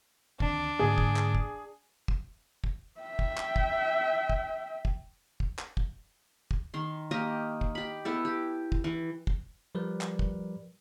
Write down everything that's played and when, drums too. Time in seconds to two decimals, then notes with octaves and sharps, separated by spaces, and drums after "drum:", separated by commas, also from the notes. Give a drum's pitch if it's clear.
0.40 D2 D#3 C4 D4, drum: kick
0.79 G#2 D3 A#3 G#4
0.98 drum: kick
1.16 drum: clap
1.35 drum: kick
2.08 drum: kick
2.64 drum: kick
3.01 E5 G5
3.19 drum: kick
3.37 drum: clap
3.56 drum: kick
4.30 drum: kick
4.85 drum: kick
5.40 drum: kick
5.59 drum: clap
5.77 drum: kick
6.51 drum: kick
6.74 D#3 C6
7.11 A#3 G4 D#5
7.61 drum: kick
7.75 G4 B5
8.05 B3 E4 A4
8.25 G4
8.72 drum: kick
8.84 E3
9.27 drum: kick
9.75 F3 G3 A#4 B4 D5
10.01 drum: clap
10.19 drum: kick